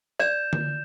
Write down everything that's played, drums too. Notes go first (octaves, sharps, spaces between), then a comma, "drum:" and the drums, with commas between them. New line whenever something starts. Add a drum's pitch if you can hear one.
D5 G6 E7
drum: tom D3